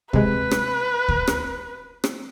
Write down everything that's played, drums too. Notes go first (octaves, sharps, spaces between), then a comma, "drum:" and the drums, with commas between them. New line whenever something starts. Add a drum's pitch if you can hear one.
C3 G#3 B4, drum: kick D2
drum: rim click
drum: kick D2
drum: rim click
drum: rim click